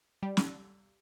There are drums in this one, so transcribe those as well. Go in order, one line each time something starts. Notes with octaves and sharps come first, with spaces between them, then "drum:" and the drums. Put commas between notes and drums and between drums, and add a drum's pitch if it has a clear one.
G3
drum: snare